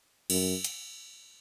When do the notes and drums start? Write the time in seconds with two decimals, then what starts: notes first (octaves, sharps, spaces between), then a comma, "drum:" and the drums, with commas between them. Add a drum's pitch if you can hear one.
0.30 F#2, drum: cymbal
0.64 drum: hi-hat